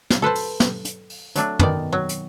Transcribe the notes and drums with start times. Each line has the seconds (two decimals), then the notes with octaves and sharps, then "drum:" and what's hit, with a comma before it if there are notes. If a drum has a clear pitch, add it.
0.10 drum: snare
0.22 A4 B4 C5 A5
0.35 drum: open hi-hat
0.60 drum: snare
0.85 drum: hi-hat
1.10 drum: open hi-hat
1.36 F#3 A3 D4, drum: hi-hat
1.59 B2 D#3 D5, drum: tom
1.93 F#3
2.09 drum: hi-hat